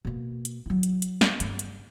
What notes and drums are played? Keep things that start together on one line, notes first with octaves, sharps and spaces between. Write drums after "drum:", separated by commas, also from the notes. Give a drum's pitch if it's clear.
B2 A#3
drum: hi-hat
F#3 E4
drum: hi-hat
drum: hi-hat
drum: snare
G2 C#3, drum: hi-hat
drum: hi-hat